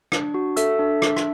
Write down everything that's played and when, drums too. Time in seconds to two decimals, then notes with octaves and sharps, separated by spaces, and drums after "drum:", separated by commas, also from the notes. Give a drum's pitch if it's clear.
0.12 D4, drum: rim click
0.34 F#4
0.56 A4 E5 E6, drum: hi-hat
0.79 D4
1.02 D4, drum: rim click
1.17 drum: rim click